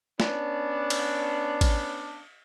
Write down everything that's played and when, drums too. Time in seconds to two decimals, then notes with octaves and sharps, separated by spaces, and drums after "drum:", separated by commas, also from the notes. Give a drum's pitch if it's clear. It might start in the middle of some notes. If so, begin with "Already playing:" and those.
0.20 B3 C#4 D4, drum: snare
0.90 drum: cymbal
1.61 drum: kick A1, cymbal